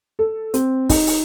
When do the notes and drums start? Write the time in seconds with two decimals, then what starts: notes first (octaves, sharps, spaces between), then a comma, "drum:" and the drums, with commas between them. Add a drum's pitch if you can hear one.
0.19 A4
0.54 C4, drum: hi-hat
0.89 D#4, drum: kick, open hi-hat
1.07 drum: open hi-hat